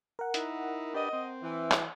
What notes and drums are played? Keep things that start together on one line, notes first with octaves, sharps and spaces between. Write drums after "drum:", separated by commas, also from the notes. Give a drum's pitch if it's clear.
A#4 F#5
D#4 E4, drum: hi-hat
D4 G4 B4 D#5
C4
E3
drum: clap